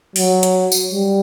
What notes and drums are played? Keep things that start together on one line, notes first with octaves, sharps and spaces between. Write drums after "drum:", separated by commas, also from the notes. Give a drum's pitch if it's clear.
F#3, drum: open hi-hat
drum: hi-hat
drum: tambourine
G3